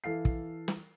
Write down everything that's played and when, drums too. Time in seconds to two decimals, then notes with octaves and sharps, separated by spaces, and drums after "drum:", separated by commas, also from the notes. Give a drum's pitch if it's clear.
0.04 E3 A4 F5 C7
0.25 drum: kick
0.68 drum: snare